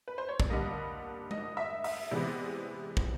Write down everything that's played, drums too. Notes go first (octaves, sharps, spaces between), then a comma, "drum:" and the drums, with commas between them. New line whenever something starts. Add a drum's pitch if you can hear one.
B4
C5
C#5
D5, drum: kick
G2 D3 G3 A#3 D#5
D#5, drum: tom G#3
E5
E5, drum: open hi-hat
C3 E3 G#3 B3 D5
drum: kick